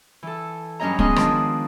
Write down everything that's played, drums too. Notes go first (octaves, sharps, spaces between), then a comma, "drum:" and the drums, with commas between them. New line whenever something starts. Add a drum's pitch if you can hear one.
E3 A4
G2 F#3 C#4 C#5 D#5 A#5
F#3 G#3 B3 C#4 G#4 D#5, drum: kick
D#3 F3 G#3 D4, drum: rim click